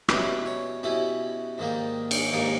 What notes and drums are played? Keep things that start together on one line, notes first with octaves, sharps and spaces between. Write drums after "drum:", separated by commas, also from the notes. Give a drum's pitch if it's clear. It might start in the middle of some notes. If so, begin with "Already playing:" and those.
B2 G3 C#4 E4 B4, drum: rim click
C#5
B2 G3 C#4 E4 B4
G#2 D#3 G3 A#3
drum: cymbal
G#2 D#3 G3 A#3 A#4